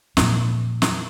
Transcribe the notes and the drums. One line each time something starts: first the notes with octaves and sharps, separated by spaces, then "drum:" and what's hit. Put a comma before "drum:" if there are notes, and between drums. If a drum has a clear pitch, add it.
F2 A#2, drum: snare
drum: snare